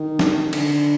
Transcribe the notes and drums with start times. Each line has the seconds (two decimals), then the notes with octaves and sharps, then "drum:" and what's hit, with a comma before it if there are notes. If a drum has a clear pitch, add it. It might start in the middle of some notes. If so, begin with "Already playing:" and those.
Already playing: D#3
0.19 drum: snare
0.53 D3, drum: cymbal